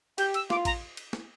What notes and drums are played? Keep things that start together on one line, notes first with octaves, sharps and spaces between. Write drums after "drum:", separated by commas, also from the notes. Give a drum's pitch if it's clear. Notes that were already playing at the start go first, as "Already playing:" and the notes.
G4 G6, drum: cymbal
E6, drum: cymbal
F4 D6, drum: snare
A#5, drum: kick A1, cymbal
drum: cymbal
drum: snare